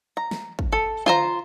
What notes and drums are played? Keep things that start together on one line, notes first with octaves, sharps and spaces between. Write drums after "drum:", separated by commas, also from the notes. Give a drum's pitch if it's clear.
A#5
drum: snare
drum: kick
A4
F4 C5 A#5, drum: tom D3